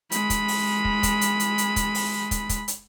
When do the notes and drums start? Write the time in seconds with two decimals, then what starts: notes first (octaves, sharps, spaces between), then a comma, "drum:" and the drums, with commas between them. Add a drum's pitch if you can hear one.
0.12 G#3 B5, drum: hi-hat
0.30 drum: kick, hi-hat
0.48 drum: open hi-hat
0.85 drum: kick
1.03 drum: kick, hi-hat
1.21 drum: hi-hat
1.40 drum: hi-hat
1.58 drum: hi-hat
1.76 drum: kick, hi-hat
1.95 drum: open hi-hat
2.31 drum: kick, hi-hat
2.49 drum: kick, hi-hat
2.68 drum: hi-hat